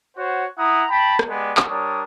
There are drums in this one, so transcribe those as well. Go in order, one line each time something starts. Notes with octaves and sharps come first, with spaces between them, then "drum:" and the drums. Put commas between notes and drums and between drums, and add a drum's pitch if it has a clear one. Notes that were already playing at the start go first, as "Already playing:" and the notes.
F#4 C5 C#5 F#5
E4 F#5 A#5 D#6
G5 A5 B5
drum: rim click
G#3 B3 G4 D5
drum: clap
G3 D4 A#4 C#5 D#6